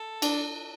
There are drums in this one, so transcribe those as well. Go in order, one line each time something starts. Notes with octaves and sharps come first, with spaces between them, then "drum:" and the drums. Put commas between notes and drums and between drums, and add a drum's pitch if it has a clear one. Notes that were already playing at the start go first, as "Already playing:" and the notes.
Already playing: A4
D4, drum: cymbal